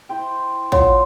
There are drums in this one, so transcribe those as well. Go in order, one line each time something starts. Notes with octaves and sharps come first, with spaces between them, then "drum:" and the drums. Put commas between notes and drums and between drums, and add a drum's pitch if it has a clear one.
E4 C5 G5
F3 C#5 F#5 C6 E6, drum: kick